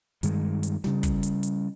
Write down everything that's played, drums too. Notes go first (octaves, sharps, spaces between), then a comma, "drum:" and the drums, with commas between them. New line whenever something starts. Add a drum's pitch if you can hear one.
G2 D#3 G#3, drum: hi-hat
drum: hi-hat
C#3 G3, drum: snare
drum: kick, hi-hat
drum: hi-hat
drum: hi-hat